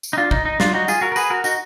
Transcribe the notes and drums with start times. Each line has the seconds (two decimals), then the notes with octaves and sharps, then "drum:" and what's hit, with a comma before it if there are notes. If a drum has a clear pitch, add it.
0.03 drum: tambourine
0.13 D#4
0.17 D4 F4
0.31 D#4, drum: kick
0.45 D#4
0.60 D4 F4, drum: snare
0.74 D#4 F#4
0.88 F4 G#4, drum: tambourine
1.01 F#4 A#4
1.12 A#4
1.16 G#4 B4, drum: tambourine
1.30 F#4 A#4
1.44 D#4 F#4, drum: tambourine